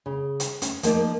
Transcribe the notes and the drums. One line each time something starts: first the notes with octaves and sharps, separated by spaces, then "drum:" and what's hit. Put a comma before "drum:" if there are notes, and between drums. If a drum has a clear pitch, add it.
C#3
drum: hi-hat
C#4, drum: hi-hat
F3 A#3 D#4 D5, drum: hi-hat